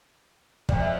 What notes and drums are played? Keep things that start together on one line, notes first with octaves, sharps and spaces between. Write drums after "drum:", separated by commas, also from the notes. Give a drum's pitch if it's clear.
F2 D5, drum: kick
E5